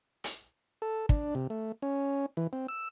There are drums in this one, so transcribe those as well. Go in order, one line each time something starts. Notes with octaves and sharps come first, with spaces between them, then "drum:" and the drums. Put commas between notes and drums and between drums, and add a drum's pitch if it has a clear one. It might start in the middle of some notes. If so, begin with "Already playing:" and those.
drum: hi-hat
A4
D4, drum: kick
C3
A3
C#4
E3
C4
E6